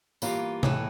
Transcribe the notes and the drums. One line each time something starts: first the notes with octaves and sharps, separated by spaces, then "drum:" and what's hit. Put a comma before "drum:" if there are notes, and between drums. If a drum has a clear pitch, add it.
G2 E3 A#3 F4, drum: tambourine
A2 E3 A3, drum: tom C3